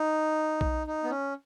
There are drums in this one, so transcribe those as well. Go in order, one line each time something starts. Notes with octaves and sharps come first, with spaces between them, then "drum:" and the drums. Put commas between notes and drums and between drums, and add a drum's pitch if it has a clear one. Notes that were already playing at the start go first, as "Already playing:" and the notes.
Already playing: D#4
drum: kick B1
D#4
B3
C#4